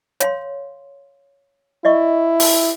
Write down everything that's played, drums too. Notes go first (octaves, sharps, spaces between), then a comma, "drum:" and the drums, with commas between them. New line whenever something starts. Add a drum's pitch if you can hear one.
C#5 F5 C6, drum: hi-hat
E4 D5 D#5 C#6
C6, drum: open hi-hat